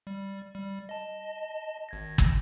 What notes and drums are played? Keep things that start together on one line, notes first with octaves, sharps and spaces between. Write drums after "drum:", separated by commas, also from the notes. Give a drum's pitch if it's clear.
G3
G3
D#5 A5
G#1 G#6 A#6
drum: kick G1